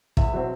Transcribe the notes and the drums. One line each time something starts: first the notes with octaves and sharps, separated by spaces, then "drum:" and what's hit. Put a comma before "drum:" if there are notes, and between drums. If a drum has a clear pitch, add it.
E2 E5, drum: kick
B2 F#3 C4